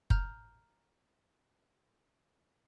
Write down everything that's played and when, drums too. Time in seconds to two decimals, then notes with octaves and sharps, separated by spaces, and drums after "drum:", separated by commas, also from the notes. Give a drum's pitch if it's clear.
0.10 A#5 F6 G6, drum: kick F#1